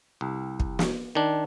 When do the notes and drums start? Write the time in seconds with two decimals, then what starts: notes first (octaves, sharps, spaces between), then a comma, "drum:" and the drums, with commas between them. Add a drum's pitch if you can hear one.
0.21 C2
0.60 drum: kick
0.79 drum: snare
1.15 D#3 D4